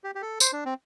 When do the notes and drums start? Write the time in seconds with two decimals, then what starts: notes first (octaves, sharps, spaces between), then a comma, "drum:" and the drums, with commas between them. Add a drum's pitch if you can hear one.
0.04 G4
0.15 G4
0.22 A4
0.40 C5, drum: tambourine
0.53 D4
0.65 C4